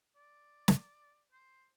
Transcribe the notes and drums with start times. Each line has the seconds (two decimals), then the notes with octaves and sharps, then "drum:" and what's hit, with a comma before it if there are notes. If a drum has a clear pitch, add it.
0.16 D5
0.68 drum: snare
1.32 C5